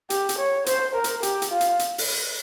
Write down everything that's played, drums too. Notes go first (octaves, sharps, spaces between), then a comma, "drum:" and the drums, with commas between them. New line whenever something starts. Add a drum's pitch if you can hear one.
G4, drum: hi-hat
drum: hi-hat
C#5
C5, drum: hi-hat
A#4
drum: hi-hat
G4, drum: hi-hat
drum: hi-hat
F4
drum: hi-hat
drum: hi-hat
drum: open hi-hat